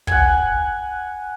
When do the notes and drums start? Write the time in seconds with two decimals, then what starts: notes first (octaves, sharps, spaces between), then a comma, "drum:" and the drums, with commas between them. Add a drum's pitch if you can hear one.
0.07 F#5 G#5, drum: kick